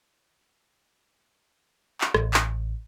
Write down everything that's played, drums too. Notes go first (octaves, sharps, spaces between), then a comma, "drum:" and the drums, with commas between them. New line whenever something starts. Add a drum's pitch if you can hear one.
drum: clap
A1, drum: rim click
drum: clap